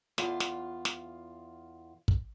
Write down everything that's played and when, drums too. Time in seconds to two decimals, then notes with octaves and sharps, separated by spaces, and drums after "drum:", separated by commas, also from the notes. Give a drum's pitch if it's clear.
0.18 E2 F4, drum: snare
0.40 drum: snare
0.85 drum: snare
2.08 drum: kick